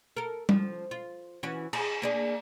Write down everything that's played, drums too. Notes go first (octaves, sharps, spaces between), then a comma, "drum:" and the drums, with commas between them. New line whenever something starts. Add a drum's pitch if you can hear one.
A4 A#4
F3, drum: tom G3
F4
E3 C#4 F#4
G#4, drum: cymbal
A#3 D4 G#4